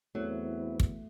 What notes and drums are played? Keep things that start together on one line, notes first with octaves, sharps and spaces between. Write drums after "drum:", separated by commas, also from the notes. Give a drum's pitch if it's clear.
E2 E3 F#3 A3 C4 E4
drum: kick